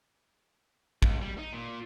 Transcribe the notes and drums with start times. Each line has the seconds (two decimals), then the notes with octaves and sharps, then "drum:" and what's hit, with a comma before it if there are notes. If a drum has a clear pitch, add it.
1.02 C#2, drum: kick
1.22 G3
1.38 D#4
1.53 A#2